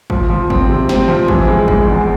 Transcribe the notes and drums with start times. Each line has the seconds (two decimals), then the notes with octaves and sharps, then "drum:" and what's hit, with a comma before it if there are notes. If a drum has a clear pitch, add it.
0.10 F3, drum: kick G1
0.30 F3
0.50 C4, drum: kick G1
0.69 C3
0.89 C4, drum: snare
1.08 F3
1.28 E3, drum: kick G1
1.48 G#3
1.68 G#3, drum: kick G1
1.87 E2